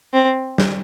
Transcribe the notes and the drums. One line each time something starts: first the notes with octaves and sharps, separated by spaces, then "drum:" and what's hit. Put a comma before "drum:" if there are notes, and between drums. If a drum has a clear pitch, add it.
C4
drum: snare